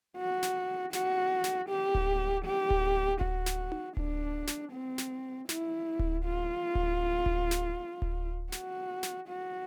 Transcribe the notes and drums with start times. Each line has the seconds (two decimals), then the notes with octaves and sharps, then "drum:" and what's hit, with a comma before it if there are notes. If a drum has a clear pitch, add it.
0.17 F#4
0.43 drum: snare
0.93 F#4, drum: snare
1.44 drum: snare
1.69 G4
1.95 drum: kick D1
2.45 G4
2.70 drum: kick D1
3.21 F#4, drum: kick D1
3.46 drum: snare
3.72 drum: tom D#4
3.97 D4, drum: kick D1
4.48 drum: snare
4.73 C4
4.98 drum: snare
5.49 E4, drum: snare
5.99 drum: kick D1
6.25 F4
6.75 drum: kick D1
7.26 drum: kick D1
7.51 drum: snare
8.02 drum: kick D1
8.52 F#4, drum: snare
9.03 drum: snare
9.28 F#4